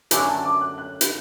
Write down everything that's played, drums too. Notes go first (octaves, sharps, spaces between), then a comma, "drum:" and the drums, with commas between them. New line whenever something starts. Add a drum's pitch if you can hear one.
F#2 D3 F#3 A3 D4 G#5, drum: hi-hat
A5
D6
F#6
F#6
drum: hi-hat